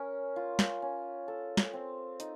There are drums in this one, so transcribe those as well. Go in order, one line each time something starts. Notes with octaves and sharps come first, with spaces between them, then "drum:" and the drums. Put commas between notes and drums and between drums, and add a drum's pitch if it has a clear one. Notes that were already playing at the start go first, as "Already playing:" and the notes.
Already playing: C#4 A#4
F4
drum: snare
C#4
A4
drum: snare
C4
D#4, drum: hi-hat